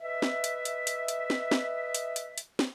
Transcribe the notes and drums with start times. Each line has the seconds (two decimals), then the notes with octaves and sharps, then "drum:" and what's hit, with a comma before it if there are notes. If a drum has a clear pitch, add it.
0.01 B4 D#5 E5
0.22 drum: snare
0.44 drum: hi-hat
0.65 drum: hi-hat
0.87 drum: hi-hat
1.08 drum: hi-hat
1.30 drum: snare
1.51 drum: snare
1.95 drum: hi-hat
2.16 drum: hi-hat
2.38 drum: hi-hat
2.59 drum: snare